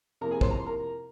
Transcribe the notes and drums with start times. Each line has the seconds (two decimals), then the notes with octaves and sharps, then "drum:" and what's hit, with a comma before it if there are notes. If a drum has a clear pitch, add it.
0.21 F2 C3 F3 A#3 E4 A#4 A#5
0.31 G#4 G#5
0.41 C5 C6, drum: kick
0.51 A#5
0.59 C6
0.66 A#4 A#5